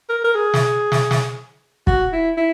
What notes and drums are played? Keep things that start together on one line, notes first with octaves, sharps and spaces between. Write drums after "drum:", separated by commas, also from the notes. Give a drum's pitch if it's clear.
A#4
A#4
G#4
drum: snare
drum: snare
drum: snare
F#4, drum: kick
E4
E4